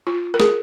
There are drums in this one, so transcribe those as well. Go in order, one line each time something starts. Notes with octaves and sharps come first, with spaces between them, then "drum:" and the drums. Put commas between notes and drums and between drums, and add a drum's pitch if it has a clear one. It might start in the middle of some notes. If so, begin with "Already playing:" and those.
F4
A#4
G#4, drum: snare